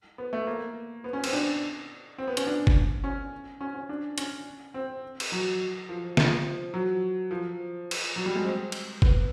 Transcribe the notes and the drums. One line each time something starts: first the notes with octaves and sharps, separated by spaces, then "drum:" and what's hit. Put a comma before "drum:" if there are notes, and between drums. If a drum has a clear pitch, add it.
B3
A3
A#3
B3
C#4
C4, drum: cymbal
D4
C4
B3
C#4, drum: hi-hat
D4
drum: kick F#1
C#4
C#4
C#4
D4
C#4, drum: hi-hat
C4
drum: cymbal
F#3
F3
F3, drum: snare
F#3
F3
drum: cymbal
F#3
G3
G#3
C4
drum: cymbal
B3, drum: kick F#1